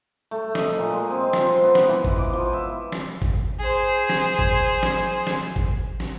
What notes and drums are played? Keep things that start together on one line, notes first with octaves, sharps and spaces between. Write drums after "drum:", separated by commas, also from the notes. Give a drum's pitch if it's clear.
A3
D#5, drum: snare
A#2
G#3
C4
F3, drum: snare
C5
B3
drum: snare
E3
drum: kick G#1
D6
F3
E5
drum: snare
drum: kick G#1
G#4 C5
drum: snare
drum: kick G#1
drum: snare
drum: snare
drum: kick G#1
drum: snare